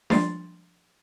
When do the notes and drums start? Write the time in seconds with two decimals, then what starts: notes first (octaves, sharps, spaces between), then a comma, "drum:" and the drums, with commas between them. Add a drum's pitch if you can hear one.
0.10 F3 G3 D4 C6 A6, drum: snare D4